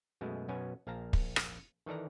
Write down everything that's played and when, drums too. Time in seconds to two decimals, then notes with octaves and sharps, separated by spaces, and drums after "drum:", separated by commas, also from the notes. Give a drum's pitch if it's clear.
0.21 F#2 B2 G#3 A3
0.48 F#2 B2 B3 C#4 G#5
0.87 A#1 A#3 F5 A5 A#5
1.13 drum: kick
1.36 drum: rim click
1.86 D#3 E3 A4 D5 A#5